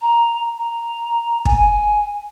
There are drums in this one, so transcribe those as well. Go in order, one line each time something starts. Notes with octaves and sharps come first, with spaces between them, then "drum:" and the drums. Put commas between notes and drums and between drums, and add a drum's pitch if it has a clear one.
A#5
A#5
G#5, drum: kick